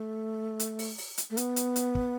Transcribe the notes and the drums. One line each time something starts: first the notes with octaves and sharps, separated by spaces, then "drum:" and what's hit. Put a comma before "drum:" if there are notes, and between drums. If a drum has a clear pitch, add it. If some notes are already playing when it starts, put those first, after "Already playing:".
Already playing: A3
drum: hi-hat
drum: open hi-hat
drum: open hi-hat
drum: hi-hat
A3
B3, drum: hi-hat
drum: hi-hat
drum: hi-hat
drum: kick